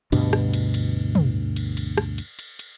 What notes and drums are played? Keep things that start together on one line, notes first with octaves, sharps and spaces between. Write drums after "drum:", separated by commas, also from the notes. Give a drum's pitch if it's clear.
D2 G2 B2 D4, drum: cymbal
drum: rim click
drum: cymbal
drum: cymbal
drum: tom
drum: cymbal
drum: cymbal
drum: rim click
drum: cymbal
drum: cymbal
drum: cymbal